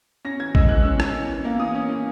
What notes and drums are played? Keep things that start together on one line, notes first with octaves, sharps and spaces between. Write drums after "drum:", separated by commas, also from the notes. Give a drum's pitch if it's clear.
C#4 A#6
E3 G#6
G#3 E6, drum: kick A1
E3 F#6
C#4 E6
E3, drum: rim click
C#4
E3
A#3
E3 D#6
C#4
E3